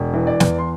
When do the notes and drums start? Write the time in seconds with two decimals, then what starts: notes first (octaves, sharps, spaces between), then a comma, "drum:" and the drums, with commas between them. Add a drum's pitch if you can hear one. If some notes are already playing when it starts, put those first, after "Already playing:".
Already playing: E1
0.13 E3
0.27 D5
0.40 E2, drum: snare
0.58 C6